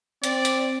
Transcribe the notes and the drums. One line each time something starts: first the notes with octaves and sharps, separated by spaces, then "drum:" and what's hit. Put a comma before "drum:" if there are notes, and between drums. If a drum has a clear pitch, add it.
C4 D5, drum: hi-hat
drum: hi-hat